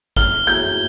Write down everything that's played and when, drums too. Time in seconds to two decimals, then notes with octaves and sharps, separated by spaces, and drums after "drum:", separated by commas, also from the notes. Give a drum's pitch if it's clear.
0.17 F6 G7, drum: kick G#1, hi-hat
0.47 G6 G#6